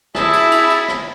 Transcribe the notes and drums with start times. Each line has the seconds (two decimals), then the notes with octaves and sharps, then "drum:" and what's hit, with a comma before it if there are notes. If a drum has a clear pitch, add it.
0.15 E4 G#4 E5 A5, drum: rim click
0.33 drum: cymbal
0.51 drum: cymbal
0.70 drum: cymbal
0.88 drum: rim click